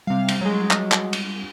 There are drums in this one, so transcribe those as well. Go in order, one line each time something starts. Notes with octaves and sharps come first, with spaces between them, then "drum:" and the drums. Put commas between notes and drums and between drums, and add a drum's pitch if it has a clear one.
C3 G3 F5
drum: cymbal
F#3 G#3
drum: clap
drum: clap
drum: cymbal